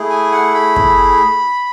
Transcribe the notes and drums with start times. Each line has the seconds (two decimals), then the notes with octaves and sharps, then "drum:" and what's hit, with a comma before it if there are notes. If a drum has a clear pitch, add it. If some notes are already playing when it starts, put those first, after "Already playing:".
Already playing: A3 E4 G#4
0.10 G#5
0.32 F#5
0.54 B5
0.76 drum: kick